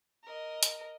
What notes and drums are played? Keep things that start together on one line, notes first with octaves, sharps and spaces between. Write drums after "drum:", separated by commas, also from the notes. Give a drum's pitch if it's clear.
A#4 D#5
drum: hi-hat